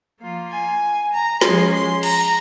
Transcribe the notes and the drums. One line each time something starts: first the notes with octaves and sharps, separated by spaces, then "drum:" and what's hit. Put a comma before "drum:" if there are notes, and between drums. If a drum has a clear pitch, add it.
F3 A#3 F4
G#5
A#5
F3 G#3 C#4 C6, drum: snare
C6
A#5, drum: cymbal